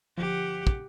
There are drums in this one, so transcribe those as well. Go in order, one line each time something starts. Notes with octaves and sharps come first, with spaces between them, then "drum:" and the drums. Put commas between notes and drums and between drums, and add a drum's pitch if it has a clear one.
G1 F3 G4 F#5
drum: kick